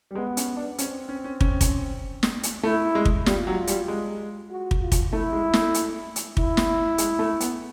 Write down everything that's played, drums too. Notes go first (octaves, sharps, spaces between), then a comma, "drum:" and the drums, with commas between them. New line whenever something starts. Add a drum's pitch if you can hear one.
G3
G#3 B3
C#4, drum: hi-hat
D4
C4 C#4, drum: hi-hat
C#4
C#4
C#4, drum: kick
drum: kick, hi-hat
drum: snare
drum: hi-hat
A3 E4
G#3
drum: kick
G3 F4, drum: snare
F#3
G3, drum: hi-hat
G#3
F#4
drum: kick
F4
drum: kick, hi-hat
A3 E4
G#3
A3, drum: snare
drum: hi-hat
drum: hi-hat
E4, drum: kick
drum: snare
G#3, drum: hi-hat
A3
B3, drum: hi-hat